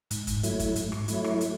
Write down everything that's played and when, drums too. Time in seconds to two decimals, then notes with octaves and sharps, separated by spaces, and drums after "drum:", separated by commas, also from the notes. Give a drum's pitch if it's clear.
0.11 G#2, drum: hi-hat
0.27 drum: kick, hi-hat
0.43 F#3 A3 E4, drum: hi-hat
0.59 drum: kick, hi-hat
0.76 G#2, drum: hi-hat
0.92 drum: rim click
1.08 F#3 A3 E4, drum: hi-hat
1.24 drum: rim click
1.41 drum: hi-hat